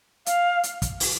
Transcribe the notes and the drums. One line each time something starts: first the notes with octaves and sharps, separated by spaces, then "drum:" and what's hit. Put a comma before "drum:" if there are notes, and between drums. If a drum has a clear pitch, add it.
F5, drum: hi-hat
drum: hi-hat
drum: kick, hi-hat
drum: open hi-hat